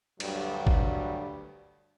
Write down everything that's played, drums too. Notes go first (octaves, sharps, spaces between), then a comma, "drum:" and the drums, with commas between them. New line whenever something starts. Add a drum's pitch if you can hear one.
D2 G2 D3 F#3 G3, drum: cymbal
drum: kick